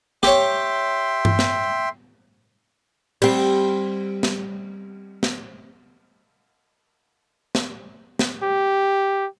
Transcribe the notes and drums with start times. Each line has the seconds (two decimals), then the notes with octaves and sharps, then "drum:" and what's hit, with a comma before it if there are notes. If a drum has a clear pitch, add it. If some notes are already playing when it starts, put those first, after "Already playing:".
0.23 G4 C#5 E5 G5 C6, drum: snare
1.25 drum: tom G2
1.39 drum: snare
3.22 G3 C4, drum: cymbal
4.23 drum: snare
5.23 drum: snare
7.55 drum: snare
8.19 drum: snare
8.43 G4